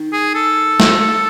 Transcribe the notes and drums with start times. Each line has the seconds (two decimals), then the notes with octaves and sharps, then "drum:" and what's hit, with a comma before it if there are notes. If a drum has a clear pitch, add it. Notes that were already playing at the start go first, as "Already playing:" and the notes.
Already playing: D#3
0.13 G#4
0.35 A4
0.80 drum: snare